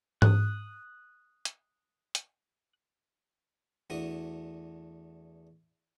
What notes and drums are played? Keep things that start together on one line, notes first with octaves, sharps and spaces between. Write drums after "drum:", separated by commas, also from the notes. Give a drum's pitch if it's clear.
D#6 F#6, drum: tom G#2
drum: hi-hat
drum: hi-hat
E2 A3 D4 F#4 D#6